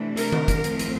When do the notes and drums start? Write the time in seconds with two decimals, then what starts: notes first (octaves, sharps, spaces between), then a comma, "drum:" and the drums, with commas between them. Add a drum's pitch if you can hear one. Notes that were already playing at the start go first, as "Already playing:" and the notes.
Already playing: C3 E3 A3 D4
0.17 A#4, drum: hi-hat
0.32 drum: tom D#3
0.48 drum: kick, hi-hat
0.64 A2 F3 C4, drum: hi-hat
0.79 drum: hi-hat